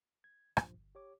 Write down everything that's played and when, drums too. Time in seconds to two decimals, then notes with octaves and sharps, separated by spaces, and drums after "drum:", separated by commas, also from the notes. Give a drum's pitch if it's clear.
0.24 G#6
0.57 B1 G2 A#2 F3, drum: rim click
0.75 G1
0.95 G4 C#5 D6